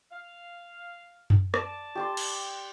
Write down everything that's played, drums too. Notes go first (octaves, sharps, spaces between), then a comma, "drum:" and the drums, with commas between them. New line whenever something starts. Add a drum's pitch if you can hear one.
F5
drum: tom F#2
D5 A5, drum: rim click
G4 D5 C6
drum: cymbal